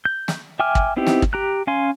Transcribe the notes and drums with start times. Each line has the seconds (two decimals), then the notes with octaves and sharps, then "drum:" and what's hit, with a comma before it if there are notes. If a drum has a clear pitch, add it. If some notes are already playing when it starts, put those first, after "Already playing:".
0.05 G6
0.28 drum: snare
0.59 E5 G5 G#5 D6 F6
0.75 drum: kick
0.96 B3 C4 D#4 E4 G4
1.07 drum: snare
1.22 drum: kick
1.33 G4 A#5 F#6
1.67 C#4 F5 G#5 C6